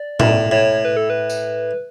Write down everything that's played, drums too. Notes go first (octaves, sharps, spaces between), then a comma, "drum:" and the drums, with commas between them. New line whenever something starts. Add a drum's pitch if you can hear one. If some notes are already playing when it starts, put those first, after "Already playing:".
Already playing: D5
A2, drum: tom A2
A2 C#5
B4
A4
B4
drum: tambourine